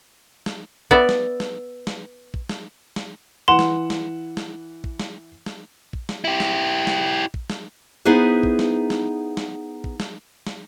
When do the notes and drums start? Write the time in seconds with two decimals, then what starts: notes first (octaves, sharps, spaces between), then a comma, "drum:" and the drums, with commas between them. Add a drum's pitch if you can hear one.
0.46 drum: snare
0.91 B3 D5 E5, drum: kick
1.09 drum: snare
1.40 drum: snare
1.87 drum: snare
2.34 drum: kick
2.49 drum: snare
2.96 drum: snare
3.48 E3 F#5 C6 E7
3.59 drum: snare
3.90 drum: snare
4.37 drum: snare
4.84 drum: kick
5.00 drum: snare
5.46 drum: snare
5.93 drum: kick
6.09 drum: snare
6.25 E4 G4
6.40 drum: snare
6.87 drum: snare
7.34 drum: kick
7.50 drum: snare
8.05 B3 D#4 E4 G#4 B4 C5
8.43 drum: kick
8.59 drum: snare
8.90 drum: snare
9.37 drum: snare
9.84 drum: kick
10.00 drum: snare
10.47 drum: snare